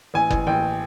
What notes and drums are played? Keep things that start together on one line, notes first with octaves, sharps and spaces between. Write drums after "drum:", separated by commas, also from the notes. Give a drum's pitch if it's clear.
A1 G#5
A1, drum: kick F#1
A1 G5